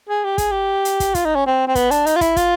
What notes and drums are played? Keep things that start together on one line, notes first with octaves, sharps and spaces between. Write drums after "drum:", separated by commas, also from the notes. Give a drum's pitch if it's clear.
G#4
G4
G#4, drum: kick, hi-hat
G4
drum: hi-hat
drum: kick, hi-hat
F4, drum: kick, hi-hat
D#4
C#4
C4
C4
B3, drum: kick, hi-hat
D4, drum: hi-hat
D#4, drum: hi-hat
F4
E4, drum: kick, hi-hat
F4, drum: kick, hi-hat